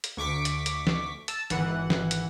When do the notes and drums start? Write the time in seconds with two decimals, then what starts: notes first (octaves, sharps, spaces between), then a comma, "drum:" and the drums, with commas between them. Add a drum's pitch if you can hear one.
0.04 drum: hi-hat
0.17 D2 C#6 D6 B6
0.45 drum: hi-hat
0.66 drum: hi-hat
0.87 drum: snare
1.28 A5 E6, drum: hi-hat
1.50 G#1 E3 F#5, drum: hi-hat
1.90 drum: snare
2.11 drum: hi-hat